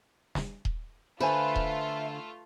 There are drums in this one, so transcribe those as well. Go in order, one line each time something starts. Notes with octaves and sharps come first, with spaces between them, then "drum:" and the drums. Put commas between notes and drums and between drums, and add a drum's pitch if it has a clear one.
drum: snare
drum: kick D#1
D3 A3 F4 B4 C5 E5 G#5
drum: kick D#1